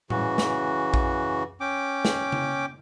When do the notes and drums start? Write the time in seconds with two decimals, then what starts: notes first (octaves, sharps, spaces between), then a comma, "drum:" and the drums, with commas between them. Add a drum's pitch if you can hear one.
0.10 C#3 E3 F#4, drum: tom A2
0.38 drum: snare
0.94 drum: kick A#1
1.60 C#4 G5 D6
2.05 drum: snare
2.32 drum: tom C#3